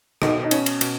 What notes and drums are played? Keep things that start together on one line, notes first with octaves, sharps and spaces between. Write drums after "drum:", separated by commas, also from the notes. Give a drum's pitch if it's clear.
B2 D#4, drum: rim click
D#4
B2 C#4, drum: cymbal
drum: cymbal
B2, drum: cymbal